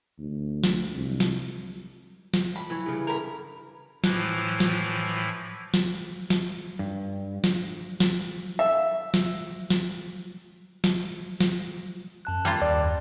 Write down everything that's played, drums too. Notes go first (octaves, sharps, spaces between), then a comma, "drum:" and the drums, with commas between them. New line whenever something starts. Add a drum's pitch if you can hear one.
D2
drum: snare
C2
drum: snare
drum: snare
B5
E3 C#5
G2 C#3
A#4 B5
A2 E3 F3 E4 F#6, drum: snare
drum: snare
drum: snare
drum: snare
G2
drum: snare
drum: snare
E5
drum: snare
drum: snare
drum: snare
drum: snare
F#2 A5 F#6
G3 A#3 F4
D#2 D5